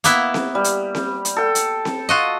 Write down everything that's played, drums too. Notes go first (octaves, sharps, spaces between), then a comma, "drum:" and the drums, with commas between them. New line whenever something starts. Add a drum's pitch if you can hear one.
A#3 B3 E4, drum: hi-hat
drum: snare C4
G3
drum: hi-hat
drum: snare C4
drum: hi-hat
A4 G5
drum: hi-hat
drum: snare C4
F4 F#4 D#5